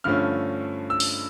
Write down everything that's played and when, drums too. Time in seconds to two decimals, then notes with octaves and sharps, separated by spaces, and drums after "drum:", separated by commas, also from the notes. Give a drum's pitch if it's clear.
0.04 G2 D3 F3 A3 C#4 F6
0.90 E6
1.00 drum: open hi-hat